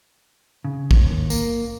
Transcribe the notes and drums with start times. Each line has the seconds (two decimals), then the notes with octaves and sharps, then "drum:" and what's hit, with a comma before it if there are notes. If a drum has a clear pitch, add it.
0.65 C#3
0.91 D#2, drum: kick
1.30 A#3, drum: tambourine